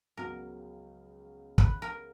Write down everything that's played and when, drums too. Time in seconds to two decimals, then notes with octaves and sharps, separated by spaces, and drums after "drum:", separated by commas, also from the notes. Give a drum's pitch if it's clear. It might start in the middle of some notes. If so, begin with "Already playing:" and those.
0.17 C#2 C#3 F#3 B3 A#4
1.58 B4, drum: kick
1.82 A#4